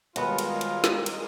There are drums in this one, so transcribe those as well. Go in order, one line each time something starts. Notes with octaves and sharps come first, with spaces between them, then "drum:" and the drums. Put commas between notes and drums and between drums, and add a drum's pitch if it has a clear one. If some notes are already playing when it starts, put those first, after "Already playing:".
D#2 G3 G#3 B3 F4 F#4 A#4, drum: cymbal
drum: cymbal
drum: cymbal
drum: snare
drum: cymbal